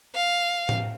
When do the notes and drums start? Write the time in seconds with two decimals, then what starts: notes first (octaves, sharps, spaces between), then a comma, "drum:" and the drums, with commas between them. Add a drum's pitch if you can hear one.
0.15 F5
0.69 drum: tom A2